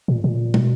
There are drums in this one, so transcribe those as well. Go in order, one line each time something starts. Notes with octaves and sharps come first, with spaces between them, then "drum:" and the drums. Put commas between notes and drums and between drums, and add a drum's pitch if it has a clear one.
A#2
A#2
B2, drum: tom